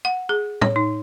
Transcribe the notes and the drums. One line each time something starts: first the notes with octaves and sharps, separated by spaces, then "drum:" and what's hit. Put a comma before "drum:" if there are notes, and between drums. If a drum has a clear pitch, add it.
F#5
G#4
C#5, drum: tom
D#4